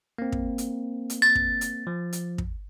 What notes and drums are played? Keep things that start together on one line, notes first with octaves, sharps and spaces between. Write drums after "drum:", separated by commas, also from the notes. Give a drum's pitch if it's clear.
A#3 C4
drum: kick
drum: hi-hat
drum: hi-hat
A6
drum: kick
drum: hi-hat
F3
drum: hi-hat
drum: kick